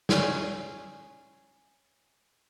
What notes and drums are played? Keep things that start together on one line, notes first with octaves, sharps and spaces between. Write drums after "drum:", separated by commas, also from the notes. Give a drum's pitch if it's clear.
C#4 G#4, drum: snare